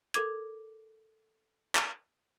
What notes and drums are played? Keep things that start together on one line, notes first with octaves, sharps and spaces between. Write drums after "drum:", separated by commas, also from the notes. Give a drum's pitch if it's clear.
A4 A#4 D6 G#6, drum: hi-hat
drum: clap